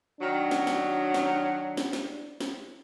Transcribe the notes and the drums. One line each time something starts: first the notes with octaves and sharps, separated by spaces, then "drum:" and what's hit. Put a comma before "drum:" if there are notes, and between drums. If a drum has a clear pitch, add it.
D#3 F#3 D4
drum: snare
drum: snare
drum: snare
drum: snare
drum: snare
drum: snare